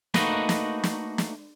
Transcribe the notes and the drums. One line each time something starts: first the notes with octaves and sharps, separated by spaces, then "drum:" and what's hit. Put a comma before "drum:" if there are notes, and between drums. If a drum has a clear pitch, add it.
A3 A#3 D#4 F#4 B4 D#5, drum: snare
drum: snare
drum: snare
drum: snare